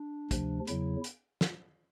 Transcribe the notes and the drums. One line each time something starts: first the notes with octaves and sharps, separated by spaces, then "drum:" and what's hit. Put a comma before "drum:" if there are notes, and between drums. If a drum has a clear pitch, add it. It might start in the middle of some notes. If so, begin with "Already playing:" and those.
Already playing: D4
D2 C3 F3, drum: kick, hi-hat
E2 C#3 F#3 E4, drum: hi-hat
drum: hi-hat
drum: snare